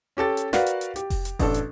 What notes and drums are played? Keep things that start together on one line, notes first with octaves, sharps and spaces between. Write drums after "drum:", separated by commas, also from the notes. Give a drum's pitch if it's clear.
C#4 G4 A4 A6
drum: hi-hat
F#4 A#4 B4 D5 F5 F#5, drum: snare
drum: hi-hat
drum: hi-hat
G4, drum: hi-hat
drum: kick F1, open hi-hat
drum: hi-hat
A1 D4 A4, drum: kick F1, open hi-hat
drum: hi-hat